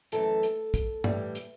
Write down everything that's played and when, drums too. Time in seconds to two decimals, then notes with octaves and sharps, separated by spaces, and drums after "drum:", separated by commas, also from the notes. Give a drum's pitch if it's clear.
0.12 F#2 E3 A3 A4, drum: hi-hat
0.43 drum: hi-hat
0.74 drum: kick, hi-hat
1.04 A2 E3 G3, drum: tom
1.35 drum: hi-hat